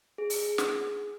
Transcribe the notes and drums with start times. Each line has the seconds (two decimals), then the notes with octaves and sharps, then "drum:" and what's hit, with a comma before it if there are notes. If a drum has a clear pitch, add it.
0.18 G#4
0.30 drum: open hi-hat
0.58 drum: snare